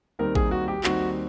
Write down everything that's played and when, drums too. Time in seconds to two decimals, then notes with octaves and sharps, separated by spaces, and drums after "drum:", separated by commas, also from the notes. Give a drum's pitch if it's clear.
0.19 D#2 D#3 G3 C4 D#4 A#4
0.35 G#4, drum: kick A1
0.51 F#4
0.68 G4
0.84 D#2 D#3 G3 C4 D#4 F#4, drum: clap